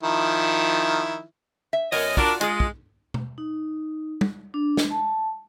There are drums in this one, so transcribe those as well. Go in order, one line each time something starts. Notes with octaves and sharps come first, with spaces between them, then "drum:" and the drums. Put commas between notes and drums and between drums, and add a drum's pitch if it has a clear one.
D#3 F3 E4
E5
F#2 B3 A#4 C#5 D#5, drum: open hi-hat
D4 F4 F#4 A#4 D5, drum: kick
G#3 F4 G#4, drum: hi-hat
drum: kick
drum: tom
D#4
drum: tom
D4
drum: snare
A5